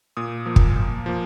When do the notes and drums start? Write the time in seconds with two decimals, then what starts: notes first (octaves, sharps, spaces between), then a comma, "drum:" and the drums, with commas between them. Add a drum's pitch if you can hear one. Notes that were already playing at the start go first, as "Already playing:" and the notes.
0.17 A#2 D#6
0.46 F3 A#3
0.56 drum: kick
0.76 A#2
1.06 F3 A#3